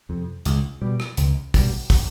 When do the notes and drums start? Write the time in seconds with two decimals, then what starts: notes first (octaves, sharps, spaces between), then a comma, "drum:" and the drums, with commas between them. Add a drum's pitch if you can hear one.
0.09 F2 C3
0.45 C#2, drum: hi-hat
0.81 B2 G3
1.00 drum: rim click
1.17 C#2, drum: hi-hat
1.54 B2 G3, drum: kick, open hi-hat
1.90 drum: kick, open hi-hat